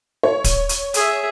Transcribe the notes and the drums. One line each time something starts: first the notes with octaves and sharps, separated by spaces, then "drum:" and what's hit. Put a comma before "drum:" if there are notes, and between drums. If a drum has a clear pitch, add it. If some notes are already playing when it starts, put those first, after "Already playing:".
C#5
drum: kick D1, hi-hat
drum: hi-hat
G#4 E5, drum: hi-hat